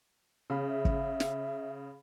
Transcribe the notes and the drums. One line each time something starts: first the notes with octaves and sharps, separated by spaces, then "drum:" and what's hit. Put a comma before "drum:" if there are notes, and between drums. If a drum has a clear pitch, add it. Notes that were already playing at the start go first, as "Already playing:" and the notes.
C#3 G#4 F5 B5
E5
drum: kick
drum: snare